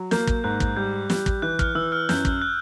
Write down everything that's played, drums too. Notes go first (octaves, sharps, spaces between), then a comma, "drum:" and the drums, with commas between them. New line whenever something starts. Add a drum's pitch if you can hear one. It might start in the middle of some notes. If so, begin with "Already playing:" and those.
Already playing: F#3
A#3 G6, drum: snare
drum: kick
G#2 F#6
drum: kick
G3 G6
G3, drum: snare
drum: kick
E3 F#6
F6, drum: kick
E3 E6
F6
F#2 G6, drum: snare
drum: kick
F#6